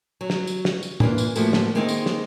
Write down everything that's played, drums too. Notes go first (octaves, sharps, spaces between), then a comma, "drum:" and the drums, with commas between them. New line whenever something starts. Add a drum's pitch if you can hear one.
F#3
drum: snare
drum: tambourine
drum: snare
drum: tambourine
E3 A#3 D4 F4, drum: tom A2
drum: tambourine
A2 F3 A3 A#3 F#4, drum: tambourine
drum: snare
D#3 G#3 A#3 C4 C#4 D#4
drum: tambourine
drum: snare